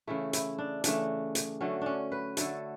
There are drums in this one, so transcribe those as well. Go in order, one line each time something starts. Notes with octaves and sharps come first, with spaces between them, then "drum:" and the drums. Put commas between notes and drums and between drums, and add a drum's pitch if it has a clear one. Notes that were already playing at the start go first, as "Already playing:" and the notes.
C#3 E3 A3 E4
E4, drum: hi-hat
D4
C#3 E3 A3 D4, drum: hi-hat
drum: hi-hat
D3 F#3 A3 C#4
C#4 D4
B4
D3 F#3 A3 A4, drum: hi-hat